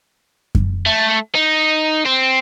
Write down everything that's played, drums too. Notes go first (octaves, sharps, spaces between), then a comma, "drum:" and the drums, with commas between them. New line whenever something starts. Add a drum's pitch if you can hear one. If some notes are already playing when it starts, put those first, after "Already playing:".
drum: kick F#2
A3
D#4
C4